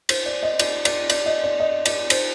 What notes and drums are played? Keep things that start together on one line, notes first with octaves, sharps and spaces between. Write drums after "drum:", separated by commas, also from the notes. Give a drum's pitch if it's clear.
C5, drum: cymbal
D5
D#5
D5, drum: cymbal
D5, drum: cymbal
D5, drum: cymbal
D#5
D5
D#5
D5, drum: cymbal
C5, drum: cymbal